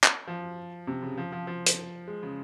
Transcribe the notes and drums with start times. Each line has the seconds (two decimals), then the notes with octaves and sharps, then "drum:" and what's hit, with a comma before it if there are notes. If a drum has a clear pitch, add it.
0.04 drum: clap
0.27 F3
0.87 C3
1.02 C#3
1.17 F3
1.32 F3
1.47 F3
1.66 drum: hi-hat
2.08 G#3
2.23 C#3